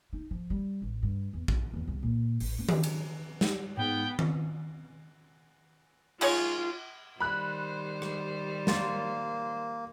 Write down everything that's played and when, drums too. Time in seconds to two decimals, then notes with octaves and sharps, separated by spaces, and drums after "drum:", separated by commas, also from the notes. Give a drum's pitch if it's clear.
0.13 D#4
0.31 F3
0.50 G3
0.82 A1
1.03 G2
1.33 E2
1.48 F#2, drum: kick
1.73 E2
1.87 C2
2.03 A#2
2.40 A1, drum: open hi-hat
2.59 C#4
2.69 drum: tom D#3
2.83 drum: cymbal
3.41 G3, drum: snare
3.77 G#2 B3 G5
4.19 drum: tom D#3
6.21 D#3 G#3 F4 C#5, drum: cymbal
7.21 D#3 G3 C5 B5 F#6
8.02 drum: rim click
8.67 A#3 C6 A6, drum: snare